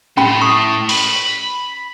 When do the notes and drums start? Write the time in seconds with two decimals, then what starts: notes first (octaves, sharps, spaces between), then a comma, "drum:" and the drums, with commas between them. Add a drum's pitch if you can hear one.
0.17 A2 C#4 G5 B5
0.41 C#6 D#6
0.89 B5, drum: open hi-hat